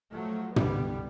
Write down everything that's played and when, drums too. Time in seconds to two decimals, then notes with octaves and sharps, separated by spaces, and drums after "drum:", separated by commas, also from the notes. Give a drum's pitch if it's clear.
0.12 F3 F#3 A3
0.56 C2 B2 D3 G3 B3, drum: tom